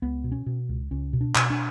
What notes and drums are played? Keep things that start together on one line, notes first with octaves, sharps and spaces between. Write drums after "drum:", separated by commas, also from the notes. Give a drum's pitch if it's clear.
C#2 B3
B2
C#4
B2
C#2
C#2 C#4
B2
D4
B2, drum: clap
D4